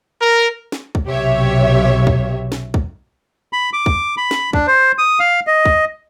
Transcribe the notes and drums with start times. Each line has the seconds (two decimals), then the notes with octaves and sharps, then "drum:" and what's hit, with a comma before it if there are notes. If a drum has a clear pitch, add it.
0.20 A#4
0.72 drum: snare
0.95 drum: kick
1.08 B1 C3 G4 C#5 E5
2.07 drum: kick
2.52 drum: snare
2.74 drum: kick
3.53 B5
3.73 D6
3.86 drum: kick
4.17 B5
4.31 drum: snare
4.53 D4, drum: kick
4.67 C5
4.98 D#6
5.20 F5
5.47 D#5
5.65 drum: kick